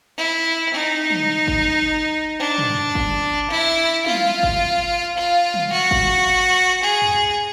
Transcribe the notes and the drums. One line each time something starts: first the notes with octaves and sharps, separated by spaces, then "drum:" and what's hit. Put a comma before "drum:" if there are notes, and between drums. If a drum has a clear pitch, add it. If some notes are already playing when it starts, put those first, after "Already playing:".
E4
D#4
drum: tom
drum: kick G1
D4
drum: tom
drum: kick G1
E4
F4, drum: tom
drum: kick G1
F4
drum: tom
F#4
drum: kick G1
G#4
drum: tom